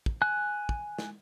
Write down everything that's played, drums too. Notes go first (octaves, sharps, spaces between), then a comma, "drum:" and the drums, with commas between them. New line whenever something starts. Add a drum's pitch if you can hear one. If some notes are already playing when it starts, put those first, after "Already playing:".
drum: kick
G#5 F#6
drum: kick
drum: snare